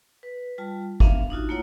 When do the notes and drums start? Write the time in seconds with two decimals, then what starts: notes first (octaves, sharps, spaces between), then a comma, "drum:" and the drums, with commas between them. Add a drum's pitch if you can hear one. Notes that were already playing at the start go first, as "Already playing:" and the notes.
0.23 B4
0.58 G3 F4 A5
1.00 B3 D4 E5 F5, drum: kick
1.30 D4 D#4 F4 F#4
1.49 A3 A#3 E4 F4 C#5 F#5